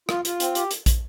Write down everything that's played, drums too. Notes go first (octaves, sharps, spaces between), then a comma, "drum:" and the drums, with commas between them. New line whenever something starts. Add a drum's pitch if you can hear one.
F4, drum: rim click
F4, drum: hi-hat
C4, drum: hi-hat
G4, drum: hi-hat
drum: hi-hat
drum: kick, hi-hat